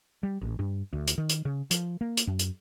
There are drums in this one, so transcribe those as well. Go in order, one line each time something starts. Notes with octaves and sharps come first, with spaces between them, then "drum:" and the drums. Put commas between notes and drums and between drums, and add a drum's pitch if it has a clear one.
G3
A1
G2
D2
drum: hi-hat
D#3
drum: hi-hat
C#3
F3, drum: hi-hat
A#3
drum: hi-hat
F#2
drum: hi-hat